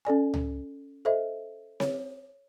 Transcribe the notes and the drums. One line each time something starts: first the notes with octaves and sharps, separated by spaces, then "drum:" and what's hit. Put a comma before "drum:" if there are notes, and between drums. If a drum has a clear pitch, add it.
C#4 A4 D5 G#5
drum: tom C#2
A4 C5 D#5 E5
C#5, drum: snare C4